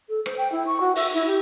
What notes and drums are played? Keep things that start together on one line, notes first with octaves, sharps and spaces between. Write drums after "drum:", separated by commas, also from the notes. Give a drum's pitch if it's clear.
A4
C5, drum: rim click
G5
E4
C#6
F#4
E5, drum: open hi-hat
E4
G4